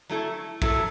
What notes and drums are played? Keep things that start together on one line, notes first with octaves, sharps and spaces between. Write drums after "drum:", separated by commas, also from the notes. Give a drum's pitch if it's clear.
F#3 A3 E4 A4
F#3 A3 E4 A4, drum: kick